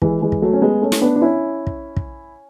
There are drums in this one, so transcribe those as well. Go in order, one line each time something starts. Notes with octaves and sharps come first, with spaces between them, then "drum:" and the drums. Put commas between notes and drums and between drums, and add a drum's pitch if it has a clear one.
E3 G#3, drum: kick
E3 G#3
drum: kick
F#3 A3
C#4
G#3 B3
A3 C#4
drum: snare
B3 D4
D4
C#4 E4
drum: kick
drum: kick